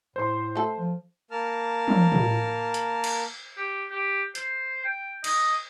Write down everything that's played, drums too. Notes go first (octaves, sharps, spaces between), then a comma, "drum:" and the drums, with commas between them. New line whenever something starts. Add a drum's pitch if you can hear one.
A2 C5 C6
A3 A4
F3
A#3 A#4 A5 F6
drum: tom
drum: tom
drum: hi-hat
drum: cymbal
G4
G4
C5, drum: hi-hat
G5
D#5, drum: cymbal